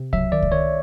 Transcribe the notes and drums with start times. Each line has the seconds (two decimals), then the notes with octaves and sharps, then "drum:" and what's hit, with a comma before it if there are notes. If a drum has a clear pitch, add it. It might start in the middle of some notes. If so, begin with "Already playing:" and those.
Already playing: C3
0.13 F#3 E5, drum: kick C2
0.32 D#3 D5
0.42 drum: kick C2
0.52 D#3 C#5